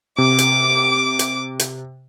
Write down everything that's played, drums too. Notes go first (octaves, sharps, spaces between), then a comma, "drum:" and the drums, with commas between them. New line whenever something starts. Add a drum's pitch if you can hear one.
C3 D6
drum: hi-hat
drum: hi-hat
drum: hi-hat